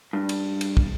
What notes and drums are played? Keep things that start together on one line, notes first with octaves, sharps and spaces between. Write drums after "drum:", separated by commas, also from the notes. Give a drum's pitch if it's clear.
G2
drum: cymbal
drum: cymbal
drum: kick